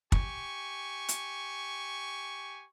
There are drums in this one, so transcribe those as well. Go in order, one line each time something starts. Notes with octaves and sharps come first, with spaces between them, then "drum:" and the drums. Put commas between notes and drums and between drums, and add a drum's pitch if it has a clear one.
G4 G#5 C#6, drum: kick
drum: hi-hat